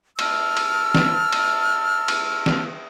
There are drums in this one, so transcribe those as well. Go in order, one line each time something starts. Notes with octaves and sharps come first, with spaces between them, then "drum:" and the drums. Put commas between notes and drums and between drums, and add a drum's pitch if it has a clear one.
A5 E6 F6, drum: cymbal
drum: cymbal
drum: snare
drum: cymbal
drum: cymbal
drum: snare